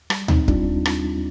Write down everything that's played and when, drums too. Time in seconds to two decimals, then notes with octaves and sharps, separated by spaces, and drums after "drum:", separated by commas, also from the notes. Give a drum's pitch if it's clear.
0.10 G3, drum: rim click
0.28 D#2 C4 D#4, drum: tom D2
0.48 G3 D4 F4, drum: kick
0.85 drum: rim click